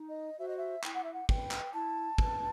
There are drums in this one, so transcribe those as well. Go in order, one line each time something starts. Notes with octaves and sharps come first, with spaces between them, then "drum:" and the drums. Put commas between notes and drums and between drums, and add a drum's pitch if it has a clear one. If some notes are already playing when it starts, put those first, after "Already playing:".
Already playing: D#4
D#5
F#4 C5 E5
D#5
E5
E4 G5, drum: clap
F#5
E5
F#5
B4 G5, drum: kick
drum: clap
E4 A5
B4, drum: kick